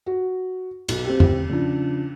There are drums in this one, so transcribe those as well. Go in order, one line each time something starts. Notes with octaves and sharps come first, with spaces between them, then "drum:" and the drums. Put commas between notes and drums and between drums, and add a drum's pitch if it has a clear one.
F#4
B1, drum: cymbal
C4 G4
drum: tom E2
C#3 F3 D4